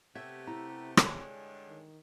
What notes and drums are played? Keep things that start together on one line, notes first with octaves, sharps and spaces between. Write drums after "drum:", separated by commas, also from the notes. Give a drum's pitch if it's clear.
C3 A3 B3 G4 E5 G#6
E4 A#5
G2 D3 G#3 G#4 C#5, drum: rim click
D#3